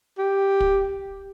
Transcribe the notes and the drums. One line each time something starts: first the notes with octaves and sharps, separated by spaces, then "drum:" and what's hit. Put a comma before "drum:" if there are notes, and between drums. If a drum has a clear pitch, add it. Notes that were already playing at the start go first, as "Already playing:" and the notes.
G4
drum: kick